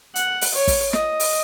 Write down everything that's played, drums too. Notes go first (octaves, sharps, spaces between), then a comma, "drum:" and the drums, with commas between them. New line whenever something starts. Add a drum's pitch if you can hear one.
F#5, drum: hi-hat
drum: open hi-hat
C#5
drum: kick, open hi-hat
D#5, drum: snare
drum: open hi-hat